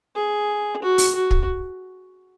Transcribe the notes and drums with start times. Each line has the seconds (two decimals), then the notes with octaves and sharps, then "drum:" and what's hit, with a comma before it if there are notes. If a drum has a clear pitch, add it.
0.15 G#4
0.82 F#4
0.98 drum: open hi-hat
1.15 F#4
1.31 drum: kick